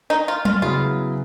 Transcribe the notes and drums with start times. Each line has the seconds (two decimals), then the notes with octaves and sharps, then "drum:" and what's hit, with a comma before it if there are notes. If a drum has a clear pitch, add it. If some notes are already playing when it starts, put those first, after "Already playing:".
0.10 D#4
0.28 F4
0.45 F4, drum: tom F#3
0.62 C#3 F#3 B3 E4 F4 G#4